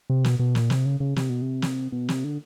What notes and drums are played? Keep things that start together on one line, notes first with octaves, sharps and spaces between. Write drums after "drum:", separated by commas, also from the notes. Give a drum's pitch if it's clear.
C3
B2, drum: snare
B2
A#2, drum: snare
C3, drum: snare
C#3
C#3
C3, drum: snare
B2
C3
drum: snare
B2
C3, drum: snare
D3